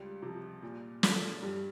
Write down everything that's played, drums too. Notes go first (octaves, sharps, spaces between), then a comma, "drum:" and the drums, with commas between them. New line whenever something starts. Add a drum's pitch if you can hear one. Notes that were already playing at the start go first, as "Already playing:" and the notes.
Already playing: C#2 G3
C3 F3
A#2
F3 A3 D4 F4, drum: snare
G2 G3